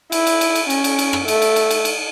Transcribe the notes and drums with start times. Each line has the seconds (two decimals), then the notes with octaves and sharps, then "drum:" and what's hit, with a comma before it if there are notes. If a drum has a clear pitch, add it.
0.12 E4, drum: cymbal
0.27 drum: cymbal
0.41 drum: cymbal
0.55 drum: cymbal
0.70 C#4, drum: cymbal
0.84 drum: cymbal
0.99 drum: cymbal
1.13 drum: rim click
1.28 A3, drum: cymbal
1.42 drum: cymbal
1.56 drum: cymbal
1.71 drum: cymbal
1.85 drum: cymbal